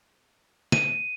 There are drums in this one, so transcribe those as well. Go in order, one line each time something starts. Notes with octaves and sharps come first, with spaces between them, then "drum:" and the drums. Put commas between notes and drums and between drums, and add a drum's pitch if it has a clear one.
D#7, drum: snare